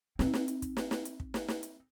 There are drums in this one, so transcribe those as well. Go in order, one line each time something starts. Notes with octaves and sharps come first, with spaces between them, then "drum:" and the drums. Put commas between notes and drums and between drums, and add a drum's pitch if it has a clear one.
C4 D#4, drum: snare
drum: snare
drum: hi-hat
drum: kick, hi-hat
drum: snare
drum: snare
drum: hi-hat
drum: kick
drum: snare
drum: snare
drum: hi-hat